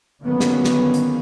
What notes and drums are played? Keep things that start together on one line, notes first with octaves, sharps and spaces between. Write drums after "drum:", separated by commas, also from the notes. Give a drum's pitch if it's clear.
D3 D#3 F#3 A#3 B3 C#4
drum: snare
drum: snare
drum: hi-hat